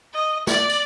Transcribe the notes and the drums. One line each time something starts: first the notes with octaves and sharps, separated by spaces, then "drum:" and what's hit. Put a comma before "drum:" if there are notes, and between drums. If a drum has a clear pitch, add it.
D#5
D5, drum: snare
drum: tambourine